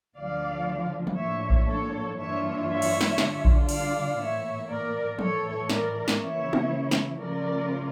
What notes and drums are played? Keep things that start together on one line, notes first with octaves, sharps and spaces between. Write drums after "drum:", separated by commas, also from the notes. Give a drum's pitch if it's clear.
D2 D3 F3 D5 F5
drum: tom
A2 F3 A#3 D4 C#5 E5
drum: kick A#1
A4 C#5
G2 E3 A#3 D4 F4 C#5 E5
C#5 E5
drum: cymbal
drum: snare
D3 G3 D4 F4, drum: snare
drum: kick A#1
D5 F5, drum: cymbal
A2 E3 A#3 C#5 E5
A#4 D5
A2 E3 A3 A4 C#5, drum: tom
A#4 D5, drum: snare
drum: snare
C#3 E3 A#3 C#4 E4 C#5 E5
drum: tom
drum: snare
C#3 F3 A3 C#4 F4 A#4 D5